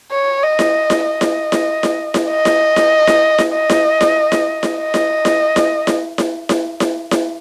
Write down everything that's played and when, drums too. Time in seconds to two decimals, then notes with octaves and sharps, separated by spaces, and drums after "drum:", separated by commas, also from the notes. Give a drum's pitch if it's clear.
0.12 C#5
0.43 D#5
0.59 drum: snare E4
0.90 drum: snare E4
1.05 D#5
1.21 drum: snare E4
1.52 drum: snare E4
1.83 drum: snare E4
2.14 drum: snare E4
2.30 D#5
2.45 drum: snare E4
2.76 drum: snare E4
3.07 drum: snare E4
3.38 drum: snare E4
3.54 D#5
3.70 drum: snare E4
4.01 drum: snare E4
4.32 drum: snare E4
4.63 drum: snare E4
4.79 D#5
4.94 drum: snare E4
5.25 drum: snare E4
5.56 drum: snare E4
5.87 drum: snare E4
6.18 drum: snare E4
6.49 drum: snare E4
6.80 drum: snare E4
7.11 drum: snare E4